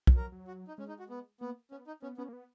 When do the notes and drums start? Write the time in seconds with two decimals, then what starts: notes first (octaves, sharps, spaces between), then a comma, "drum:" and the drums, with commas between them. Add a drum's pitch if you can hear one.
0.07 F3, drum: kick
0.16 F#3 A#4
0.32 F#3
0.48 F#4
0.68 D#4
0.78 G#3 C#4
0.88 D#4
0.99 F#4
1.10 B3
1.41 A#3 B3
1.71 B3 C#4
1.87 D#4
2.02 B3 C#4
2.17 B3 C#4
2.29 A#3
2.33 B3